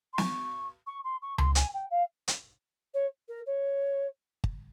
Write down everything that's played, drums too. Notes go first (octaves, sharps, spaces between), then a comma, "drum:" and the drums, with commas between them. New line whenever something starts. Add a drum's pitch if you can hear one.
C6
C#6, drum: snare
C#6
C6
C#6
C6, drum: tom C#2
G#5, drum: hi-hat
G5
F5
drum: hi-hat
C#5
A#4
C#5
drum: kick